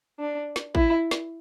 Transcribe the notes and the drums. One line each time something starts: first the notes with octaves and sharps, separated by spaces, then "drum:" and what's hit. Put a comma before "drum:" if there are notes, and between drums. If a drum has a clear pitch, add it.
D4
drum: snare
E4, drum: kick A1
drum: snare